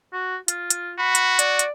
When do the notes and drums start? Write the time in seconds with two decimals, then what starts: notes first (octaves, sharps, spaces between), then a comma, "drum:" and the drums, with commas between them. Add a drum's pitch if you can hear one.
0.13 F#4
0.48 F4, drum: hi-hat
0.70 drum: hi-hat
0.98 F#4 B5
1.15 drum: hi-hat
1.39 D5, drum: hi-hat
1.59 drum: hi-hat